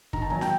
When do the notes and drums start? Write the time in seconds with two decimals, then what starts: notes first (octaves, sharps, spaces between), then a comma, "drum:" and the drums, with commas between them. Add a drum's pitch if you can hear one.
0.13 D#3 A#5, drum: kick
0.22 A5
0.30 F#3 G#5 A#5
0.41 G5 A5, drum: snare